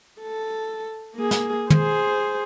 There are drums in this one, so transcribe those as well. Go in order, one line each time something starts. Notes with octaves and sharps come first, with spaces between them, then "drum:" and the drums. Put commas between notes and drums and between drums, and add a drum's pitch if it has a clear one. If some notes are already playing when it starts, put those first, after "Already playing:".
A4
A#3 G#4
drum: snare
G#4 C5, drum: tom